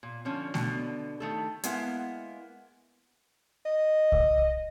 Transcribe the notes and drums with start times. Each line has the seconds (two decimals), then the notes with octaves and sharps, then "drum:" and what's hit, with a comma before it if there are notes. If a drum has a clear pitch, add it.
0.03 A#2
0.25 D3 F3 C#4
0.54 B2 D3, drum: snare A3
1.20 D#3 A3 A4
1.63 G#3 A#3 B3 E4 F#5, drum: hi-hat
3.66 D#5
4.12 drum: kick C2